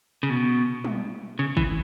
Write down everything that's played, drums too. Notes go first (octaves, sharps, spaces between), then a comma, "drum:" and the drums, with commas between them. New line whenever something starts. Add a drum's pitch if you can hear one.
C#3
B2
drum: tom
C#3
E3, drum: kick